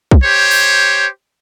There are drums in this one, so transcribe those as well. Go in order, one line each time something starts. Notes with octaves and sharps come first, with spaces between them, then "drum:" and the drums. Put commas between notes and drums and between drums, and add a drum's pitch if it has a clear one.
drum: kick
G4 C5 C#5
drum: open hi-hat